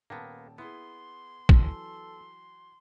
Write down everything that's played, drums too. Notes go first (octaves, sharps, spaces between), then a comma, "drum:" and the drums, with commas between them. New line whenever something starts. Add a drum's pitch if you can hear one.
D#1 A#3 B3 G5 A5
B3 E4 G#4 C6
E3 F#3 A4, drum: kick